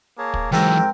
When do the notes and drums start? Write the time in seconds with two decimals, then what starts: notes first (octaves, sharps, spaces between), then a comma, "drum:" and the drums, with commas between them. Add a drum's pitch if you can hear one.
0.18 A#3 G#4 C#5 A5
0.34 drum: kick
0.52 G#2 E3 F#3 C4 A4 A#4 D#5 G5